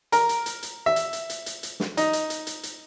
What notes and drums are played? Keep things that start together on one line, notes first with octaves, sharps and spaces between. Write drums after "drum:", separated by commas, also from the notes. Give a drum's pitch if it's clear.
A#4, drum: hi-hat
drum: hi-hat
drum: hi-hat
drum: hi-hat
E5
drum: hi-hat
drum: hi-hat
drum: hi-hat
drum: hi-hat
drum: hi-hat
drum: snare
D#4, drum: hi-hat
drum: hi-hat
drum: hi-hat
drum: hi-hat
drum: hi-hat